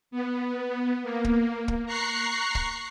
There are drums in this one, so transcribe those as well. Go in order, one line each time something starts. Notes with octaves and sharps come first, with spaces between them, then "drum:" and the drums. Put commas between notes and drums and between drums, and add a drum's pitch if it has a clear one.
B3
A#3
drum: kick
drum: kick
A#5 C#6 F#6 C7
drum: kick